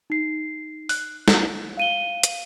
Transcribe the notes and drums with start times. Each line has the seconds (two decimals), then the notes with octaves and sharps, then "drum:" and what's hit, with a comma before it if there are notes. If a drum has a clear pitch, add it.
0.10 D#4 C7
0.89 F#6, drum: open hi-hat
1.28 drum: snare
1.77 F5 D#7 G7
2.23 drum: hi-hat